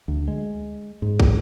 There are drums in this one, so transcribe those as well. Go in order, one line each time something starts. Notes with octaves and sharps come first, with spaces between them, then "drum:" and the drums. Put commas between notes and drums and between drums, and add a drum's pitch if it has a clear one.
D2
G#3
G#2
drum: kick